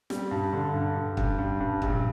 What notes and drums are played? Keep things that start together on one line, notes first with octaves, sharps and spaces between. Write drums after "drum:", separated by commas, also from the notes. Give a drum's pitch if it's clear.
G3, drum: snare
G2
D3
G2
G2
G2, drum: kick
G2
G2
A#1, drum: kick